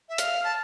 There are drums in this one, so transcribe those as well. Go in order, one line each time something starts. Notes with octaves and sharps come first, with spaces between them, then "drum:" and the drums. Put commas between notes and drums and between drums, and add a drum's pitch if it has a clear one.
E5
F5, drum: hi-hat
A5